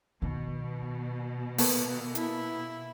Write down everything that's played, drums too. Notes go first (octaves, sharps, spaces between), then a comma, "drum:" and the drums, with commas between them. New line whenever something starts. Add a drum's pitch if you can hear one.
B2 D#3
A#3 B3 A4, drum: open hi-hat
E4, drum: hi-hat